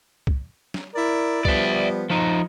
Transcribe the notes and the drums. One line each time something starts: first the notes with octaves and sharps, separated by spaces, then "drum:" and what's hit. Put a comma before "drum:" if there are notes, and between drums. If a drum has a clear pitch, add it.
drum: kick
drum: snare
E4 A#4 D5
F3 G3 B3 D5 E5, drum: kick
F3 D#4